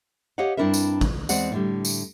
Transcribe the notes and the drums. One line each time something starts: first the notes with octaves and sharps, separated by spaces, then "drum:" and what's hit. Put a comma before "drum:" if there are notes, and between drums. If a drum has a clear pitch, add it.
G4 C#5 D#5 F5 F#5
G2 C4 D4 E4 A#4 E5
drum: tambourine
drum: kick
E2 G#3 C4 D5 F#5, drum: tambourine
A2 D3 G3
drum: tambourine